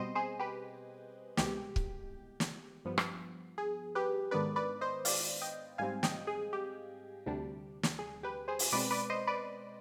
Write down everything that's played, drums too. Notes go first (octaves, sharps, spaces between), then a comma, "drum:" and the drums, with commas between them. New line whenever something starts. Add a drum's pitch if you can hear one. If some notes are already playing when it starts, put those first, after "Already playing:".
Already playing: B2 G3 C4 C5 D#5
G#4 C5
G4 B4
C2 B2 G#3 G4, drum: snare
drum: kick C#1
drum: snare
G2 F3 B3
drum: rim click
G#4
G4 B4
G#2 D#3 B3 D4 B4 D5
B4 D5
C5 D#5
D5 F5, drum: open hi-hat
D#5 G5
G#2 G3 C4 F5 G#5
D#5 G5, drum: snare
G#4
G4
D2 C3 G3 D4
drum: snare
G#4
G4 B4
G#4 C5
drum: open hi-hat
B2 G#3 C4 B4 D5
B4 D5
C5 D#5
B4 D5